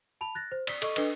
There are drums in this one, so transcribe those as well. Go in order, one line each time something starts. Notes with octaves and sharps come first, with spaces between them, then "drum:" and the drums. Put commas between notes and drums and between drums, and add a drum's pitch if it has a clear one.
A5 B5 F7
F#6 A6 A#6
C5
D5 B6, drum: cymbal
A4 D#5 C#6, drum: cymbal
D4 A4 B4 D#5, drum: cymbal